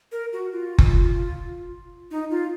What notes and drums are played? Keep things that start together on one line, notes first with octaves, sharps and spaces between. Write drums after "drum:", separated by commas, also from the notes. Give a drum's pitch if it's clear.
A#4
F#4
F4
drum: kick F#1
D#4
F4